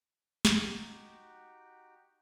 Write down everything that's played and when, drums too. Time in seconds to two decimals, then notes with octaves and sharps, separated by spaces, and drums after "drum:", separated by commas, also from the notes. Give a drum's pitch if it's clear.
0.45 drum: snare
0.58 D#4 F#4 G4 G5